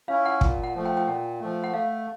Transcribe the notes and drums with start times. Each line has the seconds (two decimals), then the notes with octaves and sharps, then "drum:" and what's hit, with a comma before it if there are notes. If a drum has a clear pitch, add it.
0.08 C#4 E4 F5
0.25 F#5
0.41 A#2, drum: kick
0.63 F#5
0.75 F3 A3
0.85 G5
0.97 G5
1.07 A#2 F#5
1.41 F3 A3
1.64 F#5
1.74 A3 F5